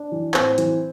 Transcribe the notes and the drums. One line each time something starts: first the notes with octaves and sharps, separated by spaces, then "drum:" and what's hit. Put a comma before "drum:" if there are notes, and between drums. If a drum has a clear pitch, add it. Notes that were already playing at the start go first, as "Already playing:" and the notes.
Already playing: D4
E3
A2 C4, drum: clap
E3, drum: hi-hat